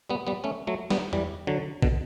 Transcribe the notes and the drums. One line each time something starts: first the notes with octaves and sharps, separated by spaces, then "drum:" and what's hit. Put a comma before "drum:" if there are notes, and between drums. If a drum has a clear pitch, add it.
G3 B3
G3 B3
A3 C#4
F#3 A3
G3 B3, drum: snare
E3 G3, drum: tom E2
D3 F#3
B2 D3, drum: kick A1